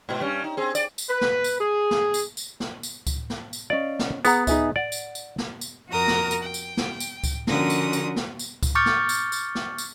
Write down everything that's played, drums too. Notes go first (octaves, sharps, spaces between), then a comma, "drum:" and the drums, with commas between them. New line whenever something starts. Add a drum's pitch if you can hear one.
G#2 B2
G2 G3 C#4
D#4
C4 G#4
D5, drum: tambourine
drum: tambourine
B4
drum: snare
drum: tambourine
G#4
drum: snare
drum: tambourine
drum: tambourine
drum: snare
drum: tambourine
drum: kick C#2, tambourine
drum: snare
drum: tambourine
C#4 D5 D#5 F5
drum: snare
B3 G#4 F#5 A#5, drum: tambourine
D#4 G#4 E5, drum: kick C#2, tambourine
D5 F#5
drum: tambourine
drum: tambourine
drum: snare
drum: tambourine
F2 F#4 A#4 A#5 D#6
drum: snare
drum: tambourine
G5
drum: tambourine
drum: snare
drum: tambourine
drum: kick C#2, tambourine
D3 F3 C#4 F#4 A#4 D#6, drum: snare
drum: tambourine
drum: tambourine
drum: snare
drum: tambourine
drum: kick C#2, tambourine
C#6 D6 F6 G6 A6 C#7
drum: snare
drum: tambourine
drum: tambourine
drum: snare
drum: tambourine